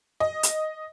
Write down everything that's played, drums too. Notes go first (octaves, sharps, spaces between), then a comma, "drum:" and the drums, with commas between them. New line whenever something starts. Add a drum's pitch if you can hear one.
D#5
drum: hi-hat